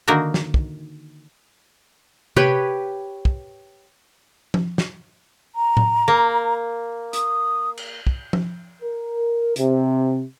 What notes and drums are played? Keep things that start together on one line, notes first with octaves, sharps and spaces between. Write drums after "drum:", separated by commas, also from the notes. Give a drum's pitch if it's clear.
D3 D#3 A#3 D#4 F#4 A#4
drum: snare
drum: kick
G4 B4 C#5 G5, drum: tom C3
drum: kick
drum: tom F3
drum: snare
A#5
drum: tom A2
A#3
D#6, drum: hi-hat
drum: cymbal
drum: kick
drum: tom F3
A#4
C3, drum: hi-hat